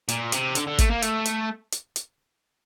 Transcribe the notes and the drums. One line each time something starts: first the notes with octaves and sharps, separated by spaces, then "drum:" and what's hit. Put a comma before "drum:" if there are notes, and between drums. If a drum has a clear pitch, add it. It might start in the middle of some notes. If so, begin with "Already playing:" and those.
A#2, drum: hi-hat
C3, drum: hi-hat
D3, drum: hi-hat
D3
A3, drum: kick, hi-hat
A#3
A3, drum: hi-hat
drum: hi-hat
drum: hi-hat
drum: hi-hat